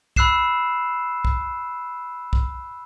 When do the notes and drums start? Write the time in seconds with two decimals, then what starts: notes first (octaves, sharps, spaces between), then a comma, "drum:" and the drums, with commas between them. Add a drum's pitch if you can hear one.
0.16 B5 E6 F#6 C7 E7, drum: kick
1.25 drum: kick
2.33 drum: kick